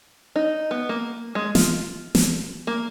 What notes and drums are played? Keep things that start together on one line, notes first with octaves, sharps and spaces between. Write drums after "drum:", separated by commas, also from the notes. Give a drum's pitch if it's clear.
D#4
B3
A#3
G#3
F4, drum: snare
drum: snare
A#3